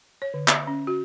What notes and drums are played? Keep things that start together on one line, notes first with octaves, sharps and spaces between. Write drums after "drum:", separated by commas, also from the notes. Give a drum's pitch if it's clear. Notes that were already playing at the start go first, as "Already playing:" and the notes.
C#5
D3
E5, drum: clap
C#4
F#4